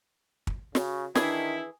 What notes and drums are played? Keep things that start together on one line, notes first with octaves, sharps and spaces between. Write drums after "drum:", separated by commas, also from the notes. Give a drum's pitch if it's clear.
drum: kick
C#3 F#4, drum: snare
D#3 E3 D4 E4 G#4, drum: snare